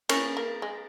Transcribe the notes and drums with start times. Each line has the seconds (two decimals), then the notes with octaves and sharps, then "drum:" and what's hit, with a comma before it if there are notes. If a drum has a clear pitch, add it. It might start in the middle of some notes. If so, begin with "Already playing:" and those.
0.09 A#3 C#4, drum: cymbal
0.37 A#3
0.62 G#3